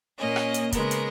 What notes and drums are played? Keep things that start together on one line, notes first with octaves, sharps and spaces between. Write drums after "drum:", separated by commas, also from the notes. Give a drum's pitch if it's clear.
A#2 A#3 C#4 D#5
drum: rim click
drum: hi-hat
C#3 G#3 B3 A#4, drum: kick, hi-hat
drum: hi-hat